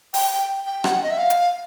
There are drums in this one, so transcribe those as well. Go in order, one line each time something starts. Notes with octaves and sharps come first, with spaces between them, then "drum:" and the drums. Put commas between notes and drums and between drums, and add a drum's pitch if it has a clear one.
G5, drum: open hi-hat
G5
G5
F#5, drum: rim click
D#5
E5
F5
drum: hi-hat